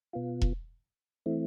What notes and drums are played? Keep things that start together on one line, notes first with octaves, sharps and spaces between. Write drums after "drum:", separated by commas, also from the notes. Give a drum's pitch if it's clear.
B2 B3 F4
drum: kick E1
E3 A3 C4 E4